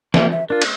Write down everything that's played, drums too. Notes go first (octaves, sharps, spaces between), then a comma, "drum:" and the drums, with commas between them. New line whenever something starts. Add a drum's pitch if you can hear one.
A#3 E5, drum: snare
E5
D4 F4 A#4
drum: cymbal